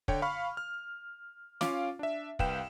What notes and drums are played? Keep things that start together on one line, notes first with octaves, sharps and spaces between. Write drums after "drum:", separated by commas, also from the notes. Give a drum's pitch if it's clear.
D3 C#5 G5, drum: kick
F5 B5 C#6 F6
F6
C#4 F4 F5 D6, drum: snare
D4 E5
C2 B4 F5 G5 E7, drum: kick